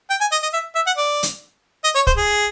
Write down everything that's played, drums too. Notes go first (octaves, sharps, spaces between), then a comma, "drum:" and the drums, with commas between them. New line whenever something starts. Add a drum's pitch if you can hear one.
G5
G#5
D#5
D#5
E5
E5
F#5
D5
drum: hi-hat
D#5
C#5
C5, drum: kick
G#4